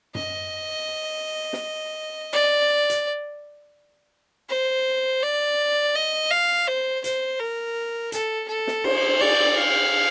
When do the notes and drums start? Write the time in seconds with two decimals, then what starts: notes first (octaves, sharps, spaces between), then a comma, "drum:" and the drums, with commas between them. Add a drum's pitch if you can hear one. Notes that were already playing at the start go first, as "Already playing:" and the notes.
0.15 D#5, drum: tom F#2
1.53 drum: snare
2.32 D5
2.90 drum: hi-hat
4.49 C5
5.22 D5
5.95 D#5
6.31 F5
6.67 C5
7.04 C5, drum: hi-hat
7.39 A#4
8.12 A4, drum: hi-hat
8.48 A4
8.67 drum: snare
8.84 C5, drum: cymbal
9.21 D5, drum: cymbal
9.57 F5